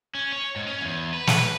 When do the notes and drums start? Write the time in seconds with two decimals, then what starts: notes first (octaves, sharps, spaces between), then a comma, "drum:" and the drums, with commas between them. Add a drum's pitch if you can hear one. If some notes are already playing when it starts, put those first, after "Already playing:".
0.15 C#4
0.32 C#5
0.56 G#2
0.67 C#4
0.81 E2
1.14 B4
1.27 drum: snare
1.39 B4